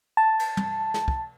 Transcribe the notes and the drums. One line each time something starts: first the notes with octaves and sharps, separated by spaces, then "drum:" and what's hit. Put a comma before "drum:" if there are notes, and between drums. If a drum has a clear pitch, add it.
A5
drum: cymbal
drum: tom
drum: snare
drum: kick